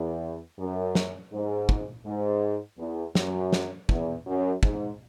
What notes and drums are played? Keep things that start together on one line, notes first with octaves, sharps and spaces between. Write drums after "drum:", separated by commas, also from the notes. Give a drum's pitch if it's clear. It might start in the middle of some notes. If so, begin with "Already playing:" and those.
Already playing: E2
F#2
drum: snare
G#2
drum: kick
G#2
E2
F#2, drum: snare
drum: snare
E2, drum: kick
F#2
G#2, drum: kick